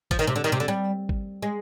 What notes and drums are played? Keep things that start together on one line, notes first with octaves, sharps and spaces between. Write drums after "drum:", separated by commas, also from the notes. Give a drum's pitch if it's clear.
F3, drum: kick G#1, hi-hat
D#3
C3
D3
D#3
C3
D3
G3
drum: kick G#1
G#3